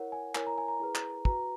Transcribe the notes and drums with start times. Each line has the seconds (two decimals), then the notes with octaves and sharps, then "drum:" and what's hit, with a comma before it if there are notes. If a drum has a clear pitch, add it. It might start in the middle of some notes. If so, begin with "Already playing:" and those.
Already playing: E4 A#4 C#5 F#5
0.12 G#5
0.35 E4 A#4 C#5 G#5, drum: clap
0.47 A#5
0.58 G#5
0.68 A#5
0.80 E4 G#4 B4
0.95 drum: clap
1.25 F#4 B4 A#5, drum: kick